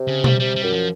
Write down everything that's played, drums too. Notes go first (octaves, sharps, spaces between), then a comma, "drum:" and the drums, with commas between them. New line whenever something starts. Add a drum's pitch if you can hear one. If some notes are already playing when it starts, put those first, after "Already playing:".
Already playing: C3
C#3
G3, drum: tom B2
C3 G3
G3
F#2
F3